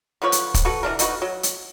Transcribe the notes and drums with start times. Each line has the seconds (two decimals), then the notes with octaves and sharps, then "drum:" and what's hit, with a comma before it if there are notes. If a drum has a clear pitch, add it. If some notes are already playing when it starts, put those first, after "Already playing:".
0.22 D3 F3 B4 C#5
0.32 drum: hi-hat
0.54 drum: kick, hi-hat
0.65 F#4 A4 B4
0.83 E3 D4 A#4
0.99 A3 D#4 F#4 B4, drum: hi-hat
1.22 F#3
1.43 drum: hi-hat